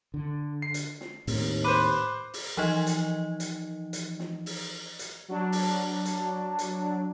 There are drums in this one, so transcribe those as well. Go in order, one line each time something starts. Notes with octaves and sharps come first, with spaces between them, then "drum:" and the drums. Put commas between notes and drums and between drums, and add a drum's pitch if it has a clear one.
D3
C7
drum: hi-hat
drum: snare
D#2 A2 A3 C4, drum: open hi-hat
B4 C5 D6
drum: open hi-hat
E3 F3 D#4 D#5
drum: hi-hat
drum: hi-hat
drum: hi-hat
drum: snare
drum: open hi-hat
drum: hi-hat
F#3 D4
drum: open hi-hat
drum: hi-hat
drum: hi-hat